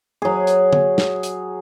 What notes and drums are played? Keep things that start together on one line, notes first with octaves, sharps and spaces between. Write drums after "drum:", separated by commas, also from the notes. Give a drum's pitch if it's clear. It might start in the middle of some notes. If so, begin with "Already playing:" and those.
F#3 G#4
drum: hi-hat
drum: tom D3
drum: snare
drum: hi-hat